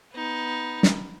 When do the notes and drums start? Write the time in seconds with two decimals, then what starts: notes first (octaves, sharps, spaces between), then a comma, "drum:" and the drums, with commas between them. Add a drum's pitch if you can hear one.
0.13 B3 D#4
0.83 drum: snare